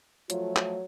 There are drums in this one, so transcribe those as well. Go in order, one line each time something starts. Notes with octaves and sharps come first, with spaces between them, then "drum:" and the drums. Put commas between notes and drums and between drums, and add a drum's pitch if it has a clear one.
F3 F#3 A3 F4, drum: hi-hat
drum: clap